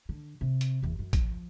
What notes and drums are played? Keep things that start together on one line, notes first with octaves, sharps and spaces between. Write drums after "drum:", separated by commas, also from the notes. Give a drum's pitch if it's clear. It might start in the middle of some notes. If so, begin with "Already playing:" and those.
D3
C3
drum: hi-hat
F#1 E2
F#2
F3, drum: kick A1, hi-hat